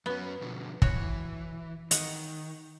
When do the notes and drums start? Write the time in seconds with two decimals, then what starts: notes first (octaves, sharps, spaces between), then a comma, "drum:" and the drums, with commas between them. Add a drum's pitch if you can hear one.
0.06 F#2 B3 C#4
0.41 B2 D3 F3
0.82 E3 F#4 C#5, drum: kick
1.91 D#3 D#5 F#5, drum: hi-hat